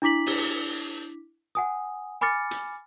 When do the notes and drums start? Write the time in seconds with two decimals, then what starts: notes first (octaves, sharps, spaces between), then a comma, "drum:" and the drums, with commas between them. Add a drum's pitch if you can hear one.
0.02 D4 E4 D6 B6 F#7
0.26 drum: open hi-hat
1.55 F#5 G#5 D#6
2.21 G#5 B5 D6 F6 A6 C#7
2.51 drum: hi-hat